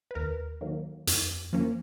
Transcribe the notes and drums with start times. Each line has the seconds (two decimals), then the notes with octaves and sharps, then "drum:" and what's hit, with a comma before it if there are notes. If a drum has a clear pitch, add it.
0.11 B4
0.15 D#2 A#4
0.61 D#3 F#3 A#3
1.07 F2, drum: hi-hat
1.53 F3 A#3 C#4